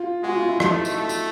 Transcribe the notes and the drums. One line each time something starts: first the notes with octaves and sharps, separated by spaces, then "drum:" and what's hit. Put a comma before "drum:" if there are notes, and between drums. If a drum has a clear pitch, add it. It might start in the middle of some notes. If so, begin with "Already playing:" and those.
Already playing: F4
G#3 F#4
F4
E4
A3 D#4, drum: rim click
drum: tambourine
A3
drum: tambourine